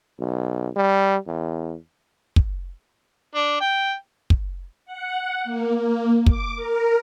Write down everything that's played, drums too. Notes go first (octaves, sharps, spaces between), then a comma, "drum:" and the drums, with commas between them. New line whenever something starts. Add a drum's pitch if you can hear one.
B1
G3
E2
drum: kick
D4
G5
drum: kick
F#5
A#3
A#3
D6, drum: kick
A#4